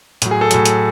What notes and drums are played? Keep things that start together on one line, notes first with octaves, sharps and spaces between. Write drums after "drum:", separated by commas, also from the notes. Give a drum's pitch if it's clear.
A2 F#3, drum: hi-hat
G#4
A4
A2 F#3, drum: hi-hat
drum: hi-hat